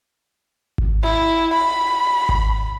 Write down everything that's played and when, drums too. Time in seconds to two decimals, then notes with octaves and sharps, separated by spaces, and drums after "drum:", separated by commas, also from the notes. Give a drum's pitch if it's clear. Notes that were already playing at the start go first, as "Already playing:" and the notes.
0.78 drum: kick G#1
1.02 E4
1.54 B5
2.29 drum: kick G#1